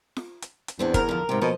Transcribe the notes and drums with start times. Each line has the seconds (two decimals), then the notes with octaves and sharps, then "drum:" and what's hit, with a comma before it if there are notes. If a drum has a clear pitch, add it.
0.16 drum: snare
0.42 drum: hi-hat
0.68 drum: hi-hat
0.79 E2 B3 C4 D4
0.94 A#4, drum: kick, hi-hat
1.09 D3 F3
1.29 G#2 C3 G5
1.41 B2 F3 A#3 D#5